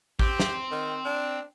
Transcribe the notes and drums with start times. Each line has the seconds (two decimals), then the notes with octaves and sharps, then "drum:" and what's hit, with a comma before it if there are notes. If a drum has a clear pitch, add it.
0.19 C4 G4, drum: kick A1
0.40 drum: snare
0.71 D#3
1.05 D4